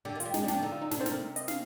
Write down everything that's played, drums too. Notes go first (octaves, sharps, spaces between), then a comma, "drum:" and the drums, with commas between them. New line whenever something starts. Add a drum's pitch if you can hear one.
D3 G4
D#3
F4, drum: hi-hat
G3
G#3 D#4, drum: snare
G3
D4, drum: snare
F3
D3 D#4
F4
D#4
C3 D4, drum: snare
D3 C5
C3 A#4, drum: snare
D#5, drum: hi-hat
F5, drum: snare